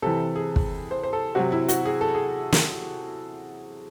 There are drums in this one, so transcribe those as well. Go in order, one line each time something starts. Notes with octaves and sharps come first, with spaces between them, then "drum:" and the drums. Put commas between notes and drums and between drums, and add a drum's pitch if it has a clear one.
C3 E3 A4
G#4
drum: kick
C5
C5
A4
C3 F#3 F#4
E4
F#4, drum: hi-hat
G#4
A4
G#4
drum: snare